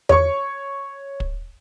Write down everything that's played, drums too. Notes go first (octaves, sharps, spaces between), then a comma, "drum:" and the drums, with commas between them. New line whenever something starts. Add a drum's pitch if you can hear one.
C#5 C#6, drum: tom E2
drum: kick